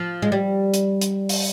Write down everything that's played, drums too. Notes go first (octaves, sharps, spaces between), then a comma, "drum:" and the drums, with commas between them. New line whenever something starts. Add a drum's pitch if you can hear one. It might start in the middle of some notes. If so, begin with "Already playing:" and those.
Already playing: F3
G#3
G3
drum: hi-hat
drum: hi-hat
drum: open hi-hat